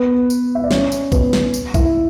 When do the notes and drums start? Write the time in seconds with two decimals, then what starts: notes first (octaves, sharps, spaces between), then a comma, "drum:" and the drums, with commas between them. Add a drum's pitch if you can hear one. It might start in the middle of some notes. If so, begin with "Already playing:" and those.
Already playing: B3 B4
0.30 drum: tambourine
0.55 E5
0.64 D5
0.71 C#4 C#5, drum: snare
0.92 drum: tambourine
1.12 B3 B4, drum: kick A#1, tambourine
1.33 drum: snare
1.54 drum: tambourine
1.74 E4 E5, drum: kick A#1, tambourine